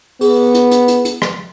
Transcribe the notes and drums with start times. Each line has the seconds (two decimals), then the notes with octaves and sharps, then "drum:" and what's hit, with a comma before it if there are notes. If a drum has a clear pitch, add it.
0.21 B3 G#4, drum: open hi-hat
0.55 drum: hi-hat
0.71 drum: hi-hat
0.88 drum: hi-hat
1.05 drum: hi-hat
1.22 drum: rim click